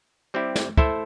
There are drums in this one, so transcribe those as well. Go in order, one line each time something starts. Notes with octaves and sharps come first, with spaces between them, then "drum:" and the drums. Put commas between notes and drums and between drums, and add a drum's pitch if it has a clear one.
G3 C4 E4 G4
drum: snare
A3 E4 A4 C5 E5, drum: kick